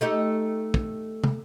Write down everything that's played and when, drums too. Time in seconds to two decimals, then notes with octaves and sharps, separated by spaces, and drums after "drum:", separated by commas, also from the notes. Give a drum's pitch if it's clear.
0.01 A3 D#4 G4
0.74 drum: kick
1.24 drum: tom